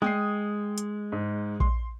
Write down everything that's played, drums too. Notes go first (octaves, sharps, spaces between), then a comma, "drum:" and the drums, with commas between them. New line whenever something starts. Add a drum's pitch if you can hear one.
G#3 G5 D#6 C7, drum: tom
drum: hi-hat
G#2
C6, drum: kick A#1